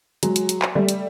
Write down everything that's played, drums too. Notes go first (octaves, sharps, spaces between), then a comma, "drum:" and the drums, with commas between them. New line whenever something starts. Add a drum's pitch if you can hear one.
F#3 G#3, drum: hi-hat
drum: hi-hat
drum: hi-hat
drum: clap
G3 A3
drum: hi-hat